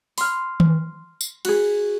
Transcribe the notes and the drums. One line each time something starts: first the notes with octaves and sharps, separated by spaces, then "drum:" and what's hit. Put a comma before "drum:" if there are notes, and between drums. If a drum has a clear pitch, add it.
C6 F6, drum: open hi-hat
drum: tom D#3
drum: tambourine
F#4 G#4, drum: cymbal